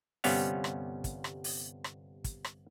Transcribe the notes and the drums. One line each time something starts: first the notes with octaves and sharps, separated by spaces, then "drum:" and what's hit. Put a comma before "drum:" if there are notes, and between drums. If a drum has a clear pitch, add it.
G1 C3 G3 B3 C#4 F5, drum: open hi-hat
drum: rim click
drum: kick, hi-hat
drum: rim click
drum: open hi-hat
drum: rim click
drum: kick, hi-hat
drum: rim click